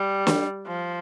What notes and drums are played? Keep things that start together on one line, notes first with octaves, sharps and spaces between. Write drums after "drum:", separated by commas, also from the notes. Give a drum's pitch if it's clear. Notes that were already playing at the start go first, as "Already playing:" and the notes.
Already playing: G3
drum: snare
F3